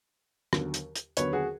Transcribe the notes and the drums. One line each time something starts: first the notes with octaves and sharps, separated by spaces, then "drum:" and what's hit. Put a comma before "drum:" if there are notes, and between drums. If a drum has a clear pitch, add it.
D#2 D3 F#3 B3, drum: rim click
drum: hi-hat
drum: hi-hat
D#2 D3 F#3 B3 B4 C#5, drum: hi-hat
F#4 G#4